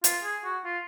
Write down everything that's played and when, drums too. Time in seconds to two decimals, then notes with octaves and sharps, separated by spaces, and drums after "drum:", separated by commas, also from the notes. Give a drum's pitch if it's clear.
0.04 F4, drum: hi-hat
0.23 G#4
0.45 F#4
0.65 F4